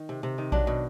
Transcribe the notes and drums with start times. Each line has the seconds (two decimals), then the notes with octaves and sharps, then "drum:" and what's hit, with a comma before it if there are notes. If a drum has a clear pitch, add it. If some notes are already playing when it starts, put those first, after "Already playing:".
Already playing: D#3
0.09 C3
0.23 C3
0.38 D#3
0.52 F#3 D4, drum: kick A#1
0.67 B2